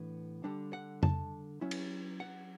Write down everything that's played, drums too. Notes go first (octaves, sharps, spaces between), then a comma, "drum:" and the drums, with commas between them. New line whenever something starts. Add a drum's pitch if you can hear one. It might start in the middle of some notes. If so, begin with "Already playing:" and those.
Already playing: A2 E3 B3 D4
D3 G3 D4
F#5
A5, drum: tom F2
F#3 C#4 E4
drum: cymbal
F#5